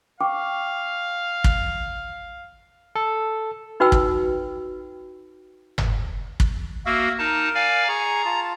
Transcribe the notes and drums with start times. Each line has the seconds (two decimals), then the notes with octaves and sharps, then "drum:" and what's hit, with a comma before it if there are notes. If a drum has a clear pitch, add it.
0.21 F5 G5 C#6 D6
1.44 drum: kick
2.96 A4
3.80 D#4 F#4 B4 G5 E6
3.92 drum: kick
5.78 drum: tom G1
6.40 drum: kick
6.86 A#3 F#4 E5 F5
7.19 D#4 A#4 A5
7.55 D5 F5 G#5
7.88 G#4 A#5 C#6
8.25 F4 A5